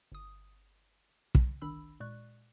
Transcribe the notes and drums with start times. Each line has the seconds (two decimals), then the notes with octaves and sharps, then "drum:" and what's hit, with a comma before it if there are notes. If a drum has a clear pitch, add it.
0.12 G1 D#6
1.35 drum: kick
1.62 G1 C2 D#3 D4 B5 E6
2.00 A#2 G#3 D5 C#6 F#6